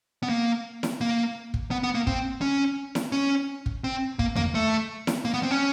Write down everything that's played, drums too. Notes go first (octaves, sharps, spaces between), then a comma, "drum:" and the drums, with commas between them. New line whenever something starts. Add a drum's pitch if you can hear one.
B3
A#3
drum: snare E4
A#3
drum: kick
B3
B3
A#3
C4, drum: kick
C#4
drum: snare E4
C#4
drum: kick
C4
A#3, drum: kick
A#3, drum: tom E2
A3
drum: snare E4
A#3
B3
C4
C#4